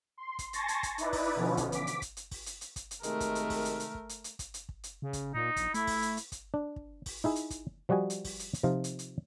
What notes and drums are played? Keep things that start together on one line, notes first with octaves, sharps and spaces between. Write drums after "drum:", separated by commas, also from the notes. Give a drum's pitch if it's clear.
C6
drum: kick, hi-hat
G#5 A5 C6 C#6 A6 A#6, drum: hi-hat
drum: hi-hat
drum: kick, hi-hat
D#4 E4 B4 D5, drum: hi-hat
drum: kick, open hi-hat
B2 D3 E3 F3 B3 C#4
drum: kick, hi-hat
D6 B6, drum: hi-hat
drum: hi-hat
drum: kick, hi-hat
drum: hi-hat
drum: kick, open hi-hat
drum: hi-hat
drum: hi-hat
drum: kick, hi-hat
drum: hi-hat
C3 D#3 G#3 A3 A#4, drum: hi-hat
drum: kick, hi-hat
drum: hi-hat
drum: kick, open hi-hat
drum: hi-hat
drum: hi-hat
drum: kick
drum: hi-hat
drum: hi-hat
drum: kick, hi-hat
drum: hi-hat
drum: kick
drum: hi-hat
C#3
drum: kick, hi-hat
A#2 D#4
A#1, drum: kick, hi-hat
A3 E4, drum: hi-hat
drum: kick, open hi-hat
drum: hi-hat
drum: hi-hat
drum: kick, hi-hat
D4
drum: kick
drum: kick, open hi-hat
D#4 E4 G#4
drum: hi-hat
drum: kick, hi-hat
F3 G3 F#4 D#5 G#5
drum: hi-hat
drum: kick, open hi-hat
drum: hi-hat
drum: hi-hat
C3 F3 D#4 F4
drum: hi-hat
drum: hi-hat